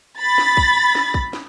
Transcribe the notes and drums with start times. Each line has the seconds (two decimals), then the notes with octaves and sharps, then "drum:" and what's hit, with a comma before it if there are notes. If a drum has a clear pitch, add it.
0.19 B5 A6
0.38 drum: snare
0.57 drum: kick
0.95 drum: snare
1.14 drum: kick
1.33 drum: snare